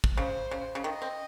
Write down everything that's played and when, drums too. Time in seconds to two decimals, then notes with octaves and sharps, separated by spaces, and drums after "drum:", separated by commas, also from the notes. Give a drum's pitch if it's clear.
0.04 drum: kick
0.17 C#3 C5
0.51 C#3
0.75 C#3
0.84 D#3 D#5
1.02 C4